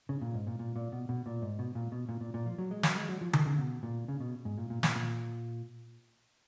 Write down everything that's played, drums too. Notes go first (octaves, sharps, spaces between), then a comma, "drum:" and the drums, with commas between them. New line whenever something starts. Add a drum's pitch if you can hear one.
C#3
A#2
G#2
A#2
A#2
A#2
B2
B2
A#2
G#2
B2
A#2
B2
A#2
A#2
A#2
F3
F#3
G#3
F#3, drum: snare
G#3
F#3
F3
D#3, drum: tom D3
C#3
B2
A#2
C#3
B2
G#2
A#2
A#2
A#2, drum: snare
A#2